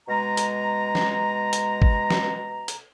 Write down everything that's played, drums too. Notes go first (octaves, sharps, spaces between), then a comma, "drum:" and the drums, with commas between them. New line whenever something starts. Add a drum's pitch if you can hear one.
B2 G#3 A#5
drum: hi-hat
drum: snare
drum: hi-hat
drum: kick
drum: snare
drum: hi-hat